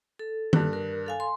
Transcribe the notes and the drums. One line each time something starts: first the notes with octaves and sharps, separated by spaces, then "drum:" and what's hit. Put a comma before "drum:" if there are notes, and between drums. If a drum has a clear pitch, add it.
A4
G2 F#6, drum: tom D#3
A#4
A4 F5 G#5
C6